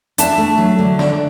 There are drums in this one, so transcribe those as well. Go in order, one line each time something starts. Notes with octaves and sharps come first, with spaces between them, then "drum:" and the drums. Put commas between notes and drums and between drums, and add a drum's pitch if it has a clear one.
D4 E5 A5, drum: hi-hat
A3
F#3
D3
D4, drum: snare